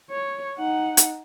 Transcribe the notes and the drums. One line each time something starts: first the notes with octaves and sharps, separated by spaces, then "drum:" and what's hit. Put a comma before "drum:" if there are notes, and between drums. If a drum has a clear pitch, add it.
C#5
D#4 F#5
drum: hi-hat